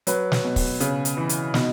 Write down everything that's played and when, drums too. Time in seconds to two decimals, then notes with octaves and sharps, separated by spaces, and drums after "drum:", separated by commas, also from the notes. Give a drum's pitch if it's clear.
0.07 F#3 B4, drum: hi-hat
0.32 drum: snare
0.44 B2
0.56 drum: kick, open hi-hat
0.80 C#3, drum: hi-hat
1.05 drum: hi-hat
1.17 E3
1.29 drum: hi-hat
1.54 B2 D#4, drum: snare